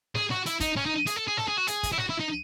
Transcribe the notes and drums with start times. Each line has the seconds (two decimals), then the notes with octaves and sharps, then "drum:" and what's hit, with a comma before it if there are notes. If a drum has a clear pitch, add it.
0.15 G#4, drum: snare
0.30 F#4, drum: snare
0.46 E4, drum: hi-hat
0.60 D#4, drum: kick, hi-hat
0.76 C#4, drum: snare
0.86 D#4
1.07 G#4, drum: hi-hat
1.16 A4
1.28 G#4
1.37 A4, drum: snare
1.48 G#4
1.58 F#4
1.67 G#4, drum: hi-hat
1.83 drum: kick, hi-hat
1.93 E4
1.98 F#4, drum: snare
2.09 E4
2.20 D#4